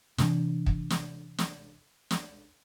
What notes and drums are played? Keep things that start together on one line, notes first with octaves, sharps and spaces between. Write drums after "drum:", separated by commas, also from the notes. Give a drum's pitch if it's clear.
C3 E3 D4, drum: snare
drum: kick
drum: snare
drum: snare
drum: snare